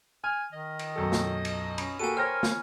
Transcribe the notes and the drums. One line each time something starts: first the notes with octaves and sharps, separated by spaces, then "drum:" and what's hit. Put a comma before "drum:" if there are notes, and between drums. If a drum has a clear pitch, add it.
G#5 F6
D#3 D#5
drum: cymbal
B1 F#2 A4
drum: snare
drum: cymbal
C#4 B5, drum: cymbal
A#3 F#4 G4 A4 G#5 D#7
A#4 C5 C#5 G5 F6 A#6
drum: snare